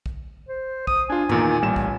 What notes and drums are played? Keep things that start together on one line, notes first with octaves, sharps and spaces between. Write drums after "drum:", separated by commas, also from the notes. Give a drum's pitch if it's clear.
drum: kick
C5
D#6, drum: kick
D4 F4 G#5
E2 A#2 D#3, drum: tom
A1 G3 E7
drum: kick